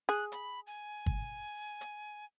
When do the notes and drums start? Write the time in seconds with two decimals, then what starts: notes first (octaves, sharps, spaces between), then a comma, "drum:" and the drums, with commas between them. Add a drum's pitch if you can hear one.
0.09 G#4 F#6
0.32 B5, drum: hi-hat
0.67 G#5
1.06 drum: kick G1
1.81 drum: hi-hat